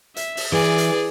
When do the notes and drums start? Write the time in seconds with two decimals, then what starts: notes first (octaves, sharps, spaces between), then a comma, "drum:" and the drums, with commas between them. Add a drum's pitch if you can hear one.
0.16 E5, drum: hi-hat
0.37 drum: open hi-hat
0.52 E3 G#4 D5
0.78 drum: hi-hat